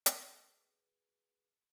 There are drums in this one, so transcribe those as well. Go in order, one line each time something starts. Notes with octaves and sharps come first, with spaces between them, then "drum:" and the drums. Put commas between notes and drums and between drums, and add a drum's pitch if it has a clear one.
F#4 G#4 B4, drum: hi-hat